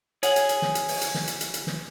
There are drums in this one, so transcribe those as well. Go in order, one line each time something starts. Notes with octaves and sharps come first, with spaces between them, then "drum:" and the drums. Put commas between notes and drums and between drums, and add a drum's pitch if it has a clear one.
G#4 C#5 F#5 F#7, drum: hi-hat
drum: hi-hat
drum: hi-hat
drum: snare
drum: hi-hat
drum: open hi-hat
drum: hi-hat
drum: snare
drum: hi-hat
drum: hi-hat
drum: hi-hat
drum: snare